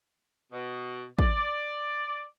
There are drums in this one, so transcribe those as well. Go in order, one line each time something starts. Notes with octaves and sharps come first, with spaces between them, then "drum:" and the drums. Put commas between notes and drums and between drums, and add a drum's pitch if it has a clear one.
B2
D5, drum: kick